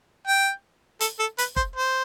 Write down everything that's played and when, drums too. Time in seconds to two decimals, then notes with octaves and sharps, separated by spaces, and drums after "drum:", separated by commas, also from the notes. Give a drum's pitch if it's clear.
0.27 G5
1.00 A4, drum: hi-hat
1.19 A4
1.38 B4, drum: hi-hat
1.56 C5, drum: kick
1.76 C5